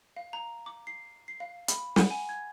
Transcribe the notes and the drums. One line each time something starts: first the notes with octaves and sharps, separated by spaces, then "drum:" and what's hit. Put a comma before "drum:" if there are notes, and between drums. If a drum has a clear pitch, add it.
F5
A#5
D6
C7
C7
F5
B5, drum: hi-hat
F#5, drum: snare
G#5
G#6